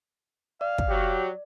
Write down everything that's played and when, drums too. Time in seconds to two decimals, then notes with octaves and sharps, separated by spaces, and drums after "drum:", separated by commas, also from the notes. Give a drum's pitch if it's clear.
0.61 D5 F5
0.78 drum: kick
0.89 F#3 G4